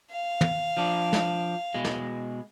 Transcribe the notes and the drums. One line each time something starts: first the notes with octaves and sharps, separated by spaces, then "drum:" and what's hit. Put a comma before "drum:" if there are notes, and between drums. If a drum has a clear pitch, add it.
F5
drum: tom
F3 D4
drum: snare
B2 G#3
drum: snare